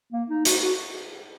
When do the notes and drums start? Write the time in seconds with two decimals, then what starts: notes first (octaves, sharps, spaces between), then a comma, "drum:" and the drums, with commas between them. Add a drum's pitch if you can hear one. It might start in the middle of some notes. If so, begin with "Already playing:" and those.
0.13 A#3
0.29 D#4
0.45 F#4, drum: hi-hat
0.62 F#4